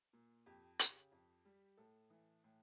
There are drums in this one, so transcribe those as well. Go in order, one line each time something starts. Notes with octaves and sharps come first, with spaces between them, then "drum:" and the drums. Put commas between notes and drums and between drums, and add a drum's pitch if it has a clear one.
A#2
F2 G4
C#3, drum: hi-hat
G4
F2
G3
A2 A4
E3
A2